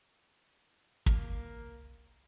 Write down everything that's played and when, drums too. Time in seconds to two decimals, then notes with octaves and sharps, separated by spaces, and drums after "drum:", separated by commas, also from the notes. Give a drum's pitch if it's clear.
1.06 C2 A#3, drum: kick